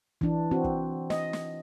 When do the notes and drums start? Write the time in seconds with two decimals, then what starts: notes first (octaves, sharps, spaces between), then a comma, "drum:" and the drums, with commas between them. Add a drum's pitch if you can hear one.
0.21 E3 D4, drum: kick
0.51 C4 F#4
0.64 drum: kick
1.10 D#5, drum: snare
1.33 drum: snare